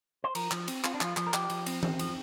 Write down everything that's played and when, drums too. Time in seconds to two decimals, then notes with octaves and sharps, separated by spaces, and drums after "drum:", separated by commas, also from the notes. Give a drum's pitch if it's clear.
0.24 C5
0.35 F3 A#4, drum: cymbal
0.51 F3, drum: clap
0.68 C4, drum: cymbal
0.84 C4 F4, drum: clap
0.94 D4
1.01 F3 F4, drum: clap
1.17 F3, drum: clap
1.27 A#4
1.34 F3 G4, drum: clap
1.50 F3, drum: cymbal
1.66 C4, drum: cymbal
1.83 C4, drum: tom E3
1.99 F3, drum: cymbal